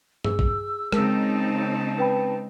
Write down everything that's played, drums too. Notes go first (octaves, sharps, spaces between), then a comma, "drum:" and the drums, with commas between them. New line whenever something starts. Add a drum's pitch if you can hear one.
G#4 E6, drum: tom G2
drum: kick
C#3 G#3 C4 D#4 A#4 A5 E6, drum: rim click
B4 G5 B5